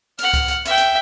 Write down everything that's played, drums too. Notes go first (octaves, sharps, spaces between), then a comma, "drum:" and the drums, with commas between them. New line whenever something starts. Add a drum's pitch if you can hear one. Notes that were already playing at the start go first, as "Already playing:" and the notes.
F#5 F6, drum: hi-hat
drum: kick C#2, hi-hat
drum: hi-hat
E5 G5, drum: hi-hat
drum: hi-hat